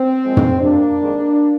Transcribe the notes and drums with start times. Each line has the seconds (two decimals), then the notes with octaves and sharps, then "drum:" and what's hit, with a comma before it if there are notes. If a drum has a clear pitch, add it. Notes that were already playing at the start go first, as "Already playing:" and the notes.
Already playing: C4
0.23 A#2 F3 G#3
0.37 drum: tom
0.60 F2 C3 G3 A#3 D4
0.98 F2 D#3 G#3